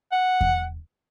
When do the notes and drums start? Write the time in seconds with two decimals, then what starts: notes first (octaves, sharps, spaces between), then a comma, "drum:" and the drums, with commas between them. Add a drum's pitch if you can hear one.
0.12 F#5
0.41 drum: kick E2